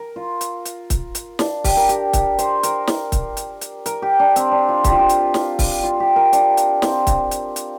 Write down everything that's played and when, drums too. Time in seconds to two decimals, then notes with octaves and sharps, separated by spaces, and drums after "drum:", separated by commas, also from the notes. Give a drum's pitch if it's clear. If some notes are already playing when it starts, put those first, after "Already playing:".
Already playing: A#4
0.16 F4
0.41 drum: hi-hat
0.65 drum: hi-hat
0.90 drum: kick C#1, hi-hat
1.15 drum: hi-hat
1.39 D4, drum: snare
1.64 G4, drum: kick C#1, open hi-hat
1.77 A#4
1.89 G4, drum: hi-hat
2.13 drum: kick C#1, hi-hat
2.39 C5, drum: hi-hat
2.63 A#4, drum: hi-hat
2.87 drum: snare
3.12 drum: kick C#1, hi-hat
3.37 drum: hi-hat
3.61 drum: hi-hat
3.86 A#4, drum: hi-hat
4.02 G4
4.20 D4
4.36 C4, drum: hi-hat
4.52 D4
4.69 F4
4.84 G4, drum: kick C#1, hi-hat
4.92 F4
4.99 G4
5.09 drum: hi-hat
5.34 drum: snare
5.59 drum: kick C#1, open hi-hat
5.84 F4
6.00 G4
6.16 A#4
6.33 D4, drum: hi-hat
6.57 drum: hi-hat
6.82 C4, drum: snare
7.07 drum: kick C#1, hi-hat
7.31 drum: hi-hat
7.56 drum: hi-hat